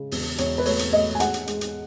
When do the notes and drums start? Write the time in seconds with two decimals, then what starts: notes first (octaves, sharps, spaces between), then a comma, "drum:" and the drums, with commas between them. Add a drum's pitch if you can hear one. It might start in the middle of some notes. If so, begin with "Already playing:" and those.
Already playing: C#3 G#3
0.11 E1, drum: open hi-hat
0.38 E1 C#5, drum: hi-hat
0.58 B4
0.65 A3 C#5, drum: open hi-hat
0.79 drum: hi-hat
0.93 A3 D#5
1.15 G#5
1.20 G#3 F#5, drum: hi-hat
1.34 drum: hi-hat
1.47 G#3, drum: hi-hat
1.61 drum: hi-hat